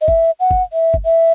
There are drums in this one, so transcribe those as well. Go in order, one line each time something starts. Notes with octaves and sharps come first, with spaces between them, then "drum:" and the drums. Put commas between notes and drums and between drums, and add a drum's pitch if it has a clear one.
D#5
E5, drum: kick
F#5
drum: kick
E5
drum: kick
E5